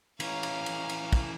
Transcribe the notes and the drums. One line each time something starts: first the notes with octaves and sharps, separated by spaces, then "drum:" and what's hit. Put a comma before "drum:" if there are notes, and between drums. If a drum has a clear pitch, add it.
E3 C#4 F5 A#5, drum: cymbal
drum: cymbal
drum: cymbal
drum: cymbal
drum: kick, cymbal